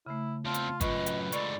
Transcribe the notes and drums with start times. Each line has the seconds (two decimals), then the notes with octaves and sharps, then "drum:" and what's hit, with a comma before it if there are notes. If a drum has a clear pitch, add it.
0.06 C#3 A3 E4
0.45 E2 C4 F4 A5
0.54 drum: hi-hat
0.81 F#2 A2 F4 B4 D#5 C#6, drum: kick, hi-hat
1.06 drum: hi-hat
1.32 G#2 D3 D5 B5 C#6, drum: hi-hat